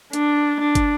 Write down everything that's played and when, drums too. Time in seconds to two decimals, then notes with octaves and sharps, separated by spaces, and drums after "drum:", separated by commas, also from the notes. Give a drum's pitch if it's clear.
0.13 D4, drum: hi-hat
0.60 D4
0.75 drum: kick, hi-hat